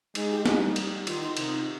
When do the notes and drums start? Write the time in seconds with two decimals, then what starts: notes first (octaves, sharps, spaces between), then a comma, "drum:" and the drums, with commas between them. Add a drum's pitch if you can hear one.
0.15 G#3 D#4, drum: cymbal
0.30 G4
0.46 G3 D#4, drum: snare
0.76 drum: cymbal
1.07 D#3 F4, drum: cymbal
1.21 F4
1.37 C3 D#4, drum: cymbal